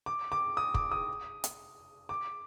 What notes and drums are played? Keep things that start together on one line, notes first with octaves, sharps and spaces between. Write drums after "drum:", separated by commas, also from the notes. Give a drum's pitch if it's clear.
D6
D6
D#6
D6, drum: kick
D#6
drum: hi-hat
D6